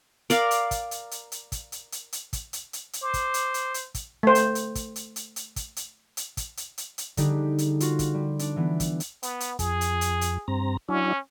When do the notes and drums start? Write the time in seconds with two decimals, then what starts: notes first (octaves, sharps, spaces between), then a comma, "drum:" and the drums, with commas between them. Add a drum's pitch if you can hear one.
0.30 A#4 D5 F5, drum: hi-hat
0.51 drum: hi-hat
0.71 drum: kick, hi-hat
0.91 drum: hi-hat
1.11 drum: hi-hat
1.32 drum: hi-hat
1.52 drum: kick, hi-hat
1.72 drum: hi-hat
1.92 drum: hi-hat
2.13 drum: hi-hat
2.33 drum: kick, hi-hat
2.53 drum: hi-hat
2.73 drum: hi-hat
2.93 drum: hi-hat
3.02 C5 D6
3.14 drum: kick, hi-hat
3.34 drum: hi-hat
3.54 drum: hi-hat
3.74 drum: hi-hat
3.94 drum: kick, hi-hat
4.23 A3 C5
4.35 drum: hi-hat
4.55 drum: hi-hat
4.75 drum: kick, hi-hat
4.96 drum: hi-hat
5.16 drum: hi-hat
5.36 drum: hi-hat
5.56 drum: kick, hi-hat
5.76 drum: hi-hat
6.17 drum: hi-hat
6.37 drum: kick, hi-hat
6.57 drum: hi-hat
6.78 drum: hi-hat
6.98 drum: hi-hat
7.17 D3 G3 D4 D#4 G4 G#4, drum: kick, hi-hat
7.58 drum: hi-hat
7.80 F4 F#4, drum: hi-hat
7.99 drum: kick, hi-hat
8.14 G3
8.39 D4, drum: hi-hat
8.56 E3 B3
8.80 drum: kick, hi-hat
9.00 drum: hi-hat
9.23 B3, drum: hi-hat
9.40 drum: hi-hat
9.59 F2 G#4, drum: kick, hi-hat
9.81 drum: hi-hat
10.01 drum: hi-hat
10.21 drum: hi-hat
10.48 G2 C4 A#5
10.89 F#3 C#4 D4 E4